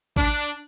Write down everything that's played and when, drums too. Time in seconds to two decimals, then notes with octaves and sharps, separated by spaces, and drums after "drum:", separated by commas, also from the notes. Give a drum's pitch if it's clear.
0.16 D4, drum: kick